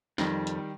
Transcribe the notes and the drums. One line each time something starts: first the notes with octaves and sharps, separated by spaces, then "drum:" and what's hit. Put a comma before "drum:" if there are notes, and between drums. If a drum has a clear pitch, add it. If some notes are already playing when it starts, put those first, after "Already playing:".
F2 D#3 G3, drum: snare
drum: hi-hat